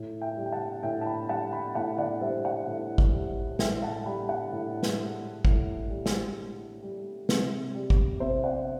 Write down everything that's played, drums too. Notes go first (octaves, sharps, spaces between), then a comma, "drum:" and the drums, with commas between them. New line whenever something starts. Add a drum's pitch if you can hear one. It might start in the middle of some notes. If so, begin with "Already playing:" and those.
Already playing: A2
E5 G5
G3
G5
F#5 A5
A2 E5 G5
A5
G5 B5
G3 F#5 A5
G5 B5
A2 F#5 A5
D5 F#5
G3 C5 E5
D5 F#5
A2
drum: kick
G3
A2 E5 G5, drum: snare
F#5 A5
A5
G3 G5 B5
F#5 A5
A2
drum: snare
G3
A2, drum: kick
G3
drum: snare
A2
G3
C3, drum: snare
G3
drum: kick
C3 C5 E5
D5 F#5